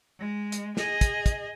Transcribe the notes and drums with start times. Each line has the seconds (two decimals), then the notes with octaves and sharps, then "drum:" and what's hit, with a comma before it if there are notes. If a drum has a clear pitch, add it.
0.19 G#3
0.52 drum: hi-hat
0.77 G#4 D#5, drum: snare
1.01 drum: kick, hi-hat
1.26 drum: kick, hi-hat